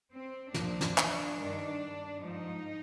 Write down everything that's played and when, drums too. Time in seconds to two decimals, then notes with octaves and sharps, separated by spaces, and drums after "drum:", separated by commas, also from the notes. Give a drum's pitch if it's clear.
0.13 C4
0.54 A#2 F3 D4, drum: snare
0.81 drum: snare
0.98 drum: clap
1.37 G2 D#3
2.20 G#2 F3 D#4